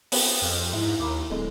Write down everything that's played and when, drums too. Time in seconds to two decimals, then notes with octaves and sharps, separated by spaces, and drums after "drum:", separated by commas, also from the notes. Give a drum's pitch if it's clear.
0.12 B3 C4 G4 C5, drum: open hi-hat
0.42 F2
0.73 G#2 E4 E5
1.00 D#2 A#5 B5 D6
1.30 D1 G#3 A4